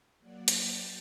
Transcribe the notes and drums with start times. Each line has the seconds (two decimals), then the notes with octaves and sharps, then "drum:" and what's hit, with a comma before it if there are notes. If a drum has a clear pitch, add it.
0.20 F#3 A#3 D5 F#5
0.48 drum: hi-hat
0.62 A5 G6 A6